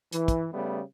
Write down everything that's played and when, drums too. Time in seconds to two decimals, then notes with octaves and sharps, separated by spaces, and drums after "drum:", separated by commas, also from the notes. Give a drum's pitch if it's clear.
0.12 E3, drum: hi-hat
0.28 drum: kick, hi-hat
0.52 C#3 G3 A3 B3